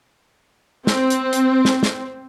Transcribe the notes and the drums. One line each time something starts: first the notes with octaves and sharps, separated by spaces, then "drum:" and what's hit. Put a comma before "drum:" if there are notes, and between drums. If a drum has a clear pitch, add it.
C4, drum: snare
drum: hi-hat
drum: hi-hat
drum: snare
drum: snare